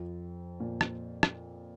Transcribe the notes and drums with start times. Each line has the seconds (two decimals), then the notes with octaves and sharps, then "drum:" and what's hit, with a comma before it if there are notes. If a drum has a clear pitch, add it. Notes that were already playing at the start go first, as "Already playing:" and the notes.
Already playing: F2 F3
0.60 A#2
0.81 drum: rim click
1.23 drum: rim click